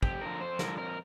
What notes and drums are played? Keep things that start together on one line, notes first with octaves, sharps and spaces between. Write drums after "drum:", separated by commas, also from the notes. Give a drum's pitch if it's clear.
F2 G4, drum: kick
D3 F3 A#4
F2 C5
D3 F3 A#4, drum: snare
F2 A#4